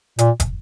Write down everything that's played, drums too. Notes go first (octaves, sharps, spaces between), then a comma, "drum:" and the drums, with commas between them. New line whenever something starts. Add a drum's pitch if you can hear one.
A#2, drum: hi-hat
drum: kick, hi-hat